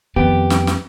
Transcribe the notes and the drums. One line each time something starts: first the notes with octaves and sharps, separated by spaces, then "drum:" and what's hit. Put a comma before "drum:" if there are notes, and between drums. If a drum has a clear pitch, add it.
F2 D#3 B3 G4
drum: snare
drum: snare